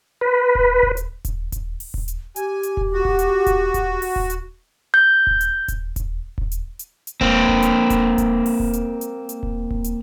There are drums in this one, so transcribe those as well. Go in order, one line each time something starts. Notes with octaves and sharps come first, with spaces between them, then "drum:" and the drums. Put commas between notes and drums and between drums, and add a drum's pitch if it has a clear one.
B4
drum: kick D#1
drum: kick D#1
drum: hi-hat
drum: kick D#1, hi-hat
drum: kick D#1, hi-hat
drum: open hi-hat
drum: kick D#1
drum: hi-hat
G4 G#5, drum: hi-hat
drum: hi-hat
drum: kick D#1
F#4
drum: kick D#1
drum: hi-hat
drum: kick D#1, hi-hat
drum: kick D#1, hi-hat
drum: open hi-hat
drum: kick D#1
drum: hi-hat
G6
drum: kick D#1
drum: hi-hat
drum: kick D#1, hi-hat
drum: kick D#1, hi-hat
drum: kick D#1
drum: hi-hat
drum: hi-hat
drum: hi-hat
A#3 C4, drum: kick D#1
drum: kick D#1
drum: hi-hat
drum: kick D#1, hi-hat
drum: kick D#1, hi-hat
drum: open hi-hat
drum: kick D#1
drum: hi-hat
drum: hi-hat
drum: hi-hat
drum: kick D#1
drum: kick D#1
drum: hi-hat